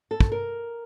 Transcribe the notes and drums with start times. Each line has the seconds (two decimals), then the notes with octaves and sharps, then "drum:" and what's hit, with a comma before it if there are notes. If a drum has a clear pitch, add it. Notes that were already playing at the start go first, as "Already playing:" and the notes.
0.11 A4
0.20 drum: kick
0.32 A#4